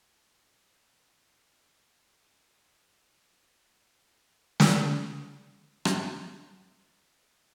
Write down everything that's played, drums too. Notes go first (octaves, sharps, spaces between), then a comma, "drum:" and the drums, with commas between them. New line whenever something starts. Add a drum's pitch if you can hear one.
D#3 A3 A#3 E4 G4 D5
D3
G#2
A#3
drum: snare
B3 E4 F4 B4
drum: rim click